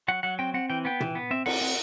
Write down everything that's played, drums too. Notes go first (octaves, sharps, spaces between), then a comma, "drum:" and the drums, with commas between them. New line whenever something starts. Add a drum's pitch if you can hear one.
F#3 F#5
F#3 F#5
C4 G5
C4 F#5
E3 G5
B3 G5
E3, drum: tom
B3
C4 E5
C4 F#5, drum: cymbal
C4